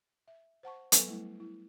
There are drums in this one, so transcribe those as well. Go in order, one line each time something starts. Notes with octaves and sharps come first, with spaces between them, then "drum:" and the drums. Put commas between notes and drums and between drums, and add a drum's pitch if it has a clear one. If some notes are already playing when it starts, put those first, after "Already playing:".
E5
C5 F#5 A5 C#6
F#3 B3 A4 B4 G#5 C#6, drum: hi-hat
G3 A3 E4
E4